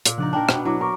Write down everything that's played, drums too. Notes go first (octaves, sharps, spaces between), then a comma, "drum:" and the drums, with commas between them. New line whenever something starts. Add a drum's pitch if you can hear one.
A#2, drum: hi-hat
C#3 F3 D4 D#4 D5 F#5
D4 D#4 A#4 G5 A5
B2 B3 D4, drum: rim click
F#3 D4 E4 D6
A#4 A#5 C#6 D6